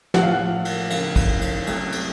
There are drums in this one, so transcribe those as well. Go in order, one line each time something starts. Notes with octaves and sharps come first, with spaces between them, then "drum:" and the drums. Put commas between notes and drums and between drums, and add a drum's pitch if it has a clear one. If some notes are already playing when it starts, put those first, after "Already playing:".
A#1 A2 F3 A3 F#5, drum: snare
F5
F#5
drum: cymbal
F1 F2 C#3 F5, drum: cymbal
drum: kick, cymbal
drum: cymbal
C2 C3 F#3 A3, drum: cymbal
drum: cymbal